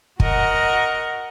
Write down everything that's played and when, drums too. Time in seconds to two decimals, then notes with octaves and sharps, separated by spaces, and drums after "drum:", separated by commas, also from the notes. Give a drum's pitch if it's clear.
0.20 F#4 A#4 D#5 F#5, drum: kick